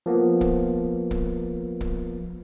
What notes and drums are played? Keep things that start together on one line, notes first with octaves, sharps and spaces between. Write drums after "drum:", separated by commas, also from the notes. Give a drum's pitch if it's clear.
F3 A#3 B3
drum: kick
drum: kick
drum: kick